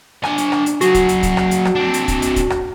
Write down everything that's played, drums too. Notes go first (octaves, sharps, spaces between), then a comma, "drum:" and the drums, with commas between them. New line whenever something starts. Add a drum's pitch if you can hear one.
D4 G#5, drum: rim click
drum: hi-hat
drum: rim click
drum: hi-hat
F#3 F#4 G#4, drum: hi-hat
drum: kick, hi-hat
drum: hi-hat
drum: kick, hi-hat
drum: rim click
drum: hi-hat
drum: rim click
C4 D4
drum: hi-hat
drum: kick, hi-hat
drum: hi-hat
drum: kick, hi-hat
drum: rim click